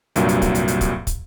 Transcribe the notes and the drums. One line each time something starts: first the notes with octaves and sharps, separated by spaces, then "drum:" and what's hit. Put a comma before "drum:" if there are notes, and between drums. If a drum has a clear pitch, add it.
C2 G2 A#2 F#3, drum: hi-hat
drum: hi-hat
drum: kick, hi-hat
drum: hi-hat
drum: hi-hat
drum: kick, hi-hat
drum: kick, hi-hat